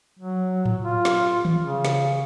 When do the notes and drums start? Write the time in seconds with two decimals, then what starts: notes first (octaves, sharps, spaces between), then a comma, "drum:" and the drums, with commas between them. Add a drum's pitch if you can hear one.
0.20 F#3
0.65 drum: tom G#2
0.84 F4
1.05 drum: snare
1.45 drum: tom D#3
1.65 C#3
1.85 drum: snare